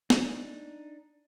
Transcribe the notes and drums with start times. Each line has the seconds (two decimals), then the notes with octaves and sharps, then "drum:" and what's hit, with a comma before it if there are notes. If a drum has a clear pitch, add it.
0.10 D4 D#4, drum: snare